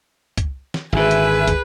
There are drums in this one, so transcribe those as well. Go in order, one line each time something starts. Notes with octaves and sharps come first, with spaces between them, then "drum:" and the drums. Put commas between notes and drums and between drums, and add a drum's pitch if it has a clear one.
drum: kick, hi-hat
drum: snare
G#1 D3 G#4 B4 E5 G#5
drum: hi-hat
drum: kick, hi-hat